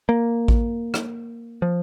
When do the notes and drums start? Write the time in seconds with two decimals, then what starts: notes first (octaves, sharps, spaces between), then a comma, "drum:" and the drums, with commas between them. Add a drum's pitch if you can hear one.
0.09 A#3
0.48 drum: kick A1
0.94 drum: rim click
1.62 F3